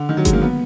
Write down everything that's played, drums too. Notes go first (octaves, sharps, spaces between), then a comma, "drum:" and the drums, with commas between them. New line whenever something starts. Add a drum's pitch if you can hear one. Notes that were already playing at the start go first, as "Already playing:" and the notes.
Already playing: D3
D#3
F#3
G#3, drum: kick G1, hi-hat
A#3
B3